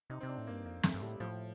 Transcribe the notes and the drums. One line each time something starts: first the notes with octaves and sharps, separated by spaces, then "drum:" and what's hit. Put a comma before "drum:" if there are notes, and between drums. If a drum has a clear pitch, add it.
C3 D#4
C4
C3
D4
A2
G2 A#3
F2 A#3
G2 A3, drum: snare
G2
A2 G3
A2 F3